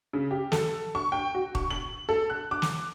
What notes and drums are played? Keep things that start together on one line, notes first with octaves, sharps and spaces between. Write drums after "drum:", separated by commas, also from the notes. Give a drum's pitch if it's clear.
C#3
G4
A4, drum: snare
C#6
G5
F#4
C#6, drum: kick D#1
F#7
A4
F#6
D6
drum: snare